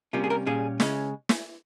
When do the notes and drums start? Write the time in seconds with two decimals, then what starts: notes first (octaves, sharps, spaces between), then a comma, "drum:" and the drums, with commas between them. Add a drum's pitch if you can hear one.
0.13 C3 G3 A#3 C#4 F4
0.24 G#4
0.30 A#4
0.46 A#2 G3 C#4 G#4
0.80 C#3 G#3 C#4, drum: snare
1.29 drum: snare